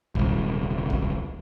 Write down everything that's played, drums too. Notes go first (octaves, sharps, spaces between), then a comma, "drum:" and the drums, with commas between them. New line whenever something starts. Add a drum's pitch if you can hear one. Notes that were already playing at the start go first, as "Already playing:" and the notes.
D#1 C2, drum: kick
drum: kick